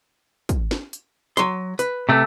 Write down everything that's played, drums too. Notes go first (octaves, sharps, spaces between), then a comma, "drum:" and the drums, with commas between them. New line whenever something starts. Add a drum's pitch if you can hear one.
drum: kick, hi-hat
drum: snare
drum: hi-hat
F#3 C6, drum: hi-hat
B4, drum: hi-hat
C3 A3